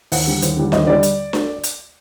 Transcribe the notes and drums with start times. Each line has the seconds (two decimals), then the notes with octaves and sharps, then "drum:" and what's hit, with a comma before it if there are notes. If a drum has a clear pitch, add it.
0.12 D#2 F#5, drum: open hi-hat
0.27 D3 G3
0.42 D#2, drum: hi-hat
0.57 D3 G3
0.72 D#2 D#5, drum: snare D4
0.87 D3 G3 D5
1.03 drum: hi-hat
1.33 drum: snare D4
1.63 drum: hi-hat